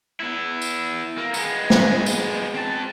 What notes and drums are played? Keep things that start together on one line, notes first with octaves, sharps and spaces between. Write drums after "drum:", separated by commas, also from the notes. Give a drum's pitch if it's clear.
B3 E4
drum: tambourine
A#3
G#3 B3, drum: tambourine
drum: snare
drum: tambourine
C4 A5